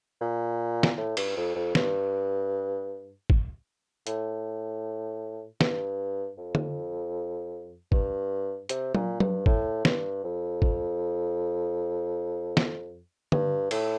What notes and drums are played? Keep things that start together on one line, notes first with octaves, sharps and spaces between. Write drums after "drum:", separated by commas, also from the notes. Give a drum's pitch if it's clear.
A#2
drum: snare
A2
G2, drum: cymbal
F2
F2
G2, drum: snare
drum: kick
A2, drum: hi-hat
G2, drum: snare
F2
drum: tom D3
G2, drum: kick
C3, drum: hi-hat
A#2, drum: tom F#3
G2, drum: tom F#3
A2, drum: kick
G2, drum: snare
F2
drum: kick
drum: snare
G2, drum: tom D3
A2, drum: cymbal